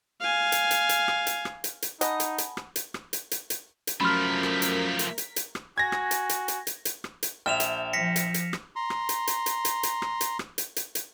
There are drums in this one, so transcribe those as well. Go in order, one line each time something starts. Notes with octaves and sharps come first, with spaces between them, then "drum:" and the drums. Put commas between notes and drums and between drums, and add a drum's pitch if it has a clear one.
F5 G#5
drum: hi-hat
drum: hi-hat
drum: hi-hat
drum: rim click
drum: hi-hat
drum: rim click
drum: hi-hat
drum: hi-hat
D#4 D#5 F#5 G#5 A5 B5, drum: hi-hat
drum: hi-hat
drum: hi-hat
drum: rim click
drum: hi-hat
drum: rim click
drum: hi-hat
drum: hi-hat
drum: hi-hat
drum: hi-hat
F#2 F3 A3 A#4 B5 C6 F6 B6
drum: rim click
drum: hi-hat
drum: hi-hat
drum: hi-hat
drum: hi-hat
drum: rim click
F#4 G#5 G#6 A#6
drum: rim click
drum: hi-hat
drum: hi-hat
drum: hi-hat
drum: hi-hat
drum: hi-hat
drum: rim click
drum: hi-hat
A#1 E5 G5 F6 E7 F7
drum: hi-hat
F3 A#6 B6 C#7
drum: hi-hat
drum: hi-hat
drum: rim click
A#5 C6
drum: rim click
drum: hi-hat
drum: hi-hat
drum: hi-hat
drum: hi-hat
drum: hi-hat
drum: rim click
drum: hi-hat
drum: rim click
drum: hi-hat
drum: hi-hat
drum: hi-hat